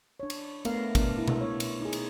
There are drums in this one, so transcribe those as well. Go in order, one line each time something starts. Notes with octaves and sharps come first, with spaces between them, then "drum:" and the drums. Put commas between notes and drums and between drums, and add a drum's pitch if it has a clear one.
D4 C#5
drum: cymbal
A3 B3 A#4 F5, drum: cymbal
B3 D4 A#4, drum: kick, cymbal
E4
drum: tom B2
C#5
drum: cymbal
D#4 G#4
drum: cymbal